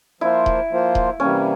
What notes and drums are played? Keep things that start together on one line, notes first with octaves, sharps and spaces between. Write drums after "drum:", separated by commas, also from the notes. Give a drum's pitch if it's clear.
F3 A#3 E4 F4 C5
drum: kick D#1
F3 A#3 F4 C5
drum: kick D#1
C3 E3 G3 A#3 C#4